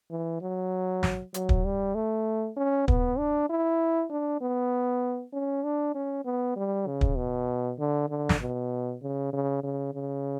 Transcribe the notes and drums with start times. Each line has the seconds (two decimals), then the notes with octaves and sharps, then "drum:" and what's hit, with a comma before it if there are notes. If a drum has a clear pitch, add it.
0.10 E3
0.41 F#3
1.03 drum: snare
1.34 F#3, drum: hi-hat
1.49 drum: kick
1.65 G3
1.95 A3
2.57 C#4
2.88 B3, drum: kick
3.18 D4
3.49 E4
4.10 D4
4.41 B3
5.33 C#4
5.64 D4
5.95 C#4
6.25 B3
6.56 G3
6.87 C#3
7.01 drum: kick
7.17 B2
7.79 D3
8.09 D3
8.29 drum: snare
8.41 B2
9.02 C#3
9.33 C#3
9.63 C#3
9.94 C#3